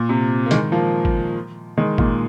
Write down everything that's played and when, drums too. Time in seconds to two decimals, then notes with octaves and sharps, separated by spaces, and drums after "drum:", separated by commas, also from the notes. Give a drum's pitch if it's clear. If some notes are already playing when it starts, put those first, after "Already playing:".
Already playing: A#2
0.09 C3
0.46 A#3
0.51 D#3 G#3, drum: hi-hat
0.72 F3 A#3
1.05 drum: kick
1.77 D#3 G#3
1.98 A#2 D#3, drum: kick